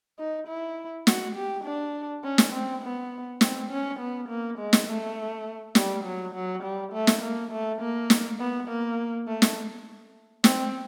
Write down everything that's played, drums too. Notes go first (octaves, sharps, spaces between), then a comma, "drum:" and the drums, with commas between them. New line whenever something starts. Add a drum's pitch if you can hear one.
D#4
E4
F#4, drum: snare
G4
D4
C#4
drum: snare
C4
B3
C4, drum: snare
C#4
B3
A#3
G#3
drum: snare
A3
G3, drum: snare
F#3
F#3
G3
A3
drum: snare
A#3
A3
A#3
drum: snare
B3
A#3
A3
drum: snare
C4, drum: snare